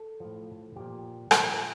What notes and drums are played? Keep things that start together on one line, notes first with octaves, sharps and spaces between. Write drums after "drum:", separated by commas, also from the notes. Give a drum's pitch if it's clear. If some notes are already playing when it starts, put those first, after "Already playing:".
Already playing: A4
A2 F3
A#2 F3 G4
A#2 F3, drum: rim click